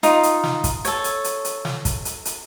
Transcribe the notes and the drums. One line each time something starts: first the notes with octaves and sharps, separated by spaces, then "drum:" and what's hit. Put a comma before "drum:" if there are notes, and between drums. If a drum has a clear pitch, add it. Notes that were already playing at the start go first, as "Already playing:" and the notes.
D#4 F4, drum: hi-hat
drum: hi-hat
drum: snare
drum: kick, hi-hat
A4 C#5, drum: hi-hat
drum: hi-hat
drum: hi-hat
drum: hi-hat
drum: snare
drum: kick, hi-hat
drum: hi-hat
drum: hi-hat